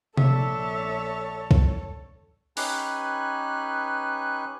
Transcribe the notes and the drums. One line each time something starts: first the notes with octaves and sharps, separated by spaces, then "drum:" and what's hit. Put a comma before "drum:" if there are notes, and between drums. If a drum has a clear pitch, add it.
A#1 D4 A4 C#5 E5 A5, drum: tom C3
drum: kick C2
C#4 D#4 G4 B4 G#5 F#6, drum: open hi-hat